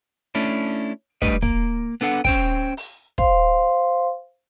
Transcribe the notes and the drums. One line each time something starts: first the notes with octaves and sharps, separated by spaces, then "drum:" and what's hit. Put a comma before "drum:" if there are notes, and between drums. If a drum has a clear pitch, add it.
A3 C#4 D4 E4
G3 A3 D4 B4 D#5, drum: kick
A#3, drum: kick
B3 D4 A4 F#5
C#4 C5 G5, drum: kick
drum: open hi-hat
C5 F5 C6, drum: kick